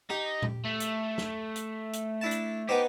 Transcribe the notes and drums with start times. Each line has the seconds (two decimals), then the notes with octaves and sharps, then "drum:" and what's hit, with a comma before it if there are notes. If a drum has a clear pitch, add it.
0.10 D#4 G4
0.42 drum: tom A#2
0.65 A3
0.80 drum: hi-hat
1.18 drum: snare
1.56 drum: hi-hat
1.93 drum: hi-hat
2.21 D4 E4 A5
2.31 drum: hi-hat
2.69 B3 D#4 G4 C5